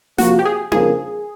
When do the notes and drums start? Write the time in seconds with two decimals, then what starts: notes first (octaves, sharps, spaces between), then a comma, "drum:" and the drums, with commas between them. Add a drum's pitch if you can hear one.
0.18 C3 F3 A#3 F#4, drum: snare
0.39 G4
0.45 G#4
0.72 F2 C#3 F3 A#3 G#4, drum: tom D4